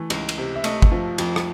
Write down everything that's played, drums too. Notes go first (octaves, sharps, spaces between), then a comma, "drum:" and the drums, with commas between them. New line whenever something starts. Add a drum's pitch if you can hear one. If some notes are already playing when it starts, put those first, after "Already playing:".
Already playing: E3 A3
C#2, drum: cymbal
drum: cymbal
C3
E5
A3 D#5, drum: cymbal
drum: kick
F3
F2, drum: cymbal
drum: rim click